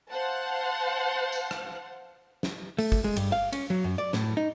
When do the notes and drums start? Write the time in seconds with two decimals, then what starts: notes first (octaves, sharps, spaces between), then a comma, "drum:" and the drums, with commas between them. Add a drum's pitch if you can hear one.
0.10 C5 F5 F#5 A5
1.32 drum: tambourine
1.51 drum: rim click
2.43 drum: snare
2.79 A3, drum: open hi-hat
2.92 drum: kick
3.04 G#3
3.16 G2, drum: cymbal
3.32 F5
3.53 C#4, drum: cymbal
3.70 F#3
3.84 F#2
3.98 D5
4.13 A2, drum: snare
4.37 D#4